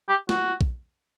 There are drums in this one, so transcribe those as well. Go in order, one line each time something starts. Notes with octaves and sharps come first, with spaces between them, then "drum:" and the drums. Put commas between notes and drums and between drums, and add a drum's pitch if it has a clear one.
G4
F#4, drum: snare
drum: kick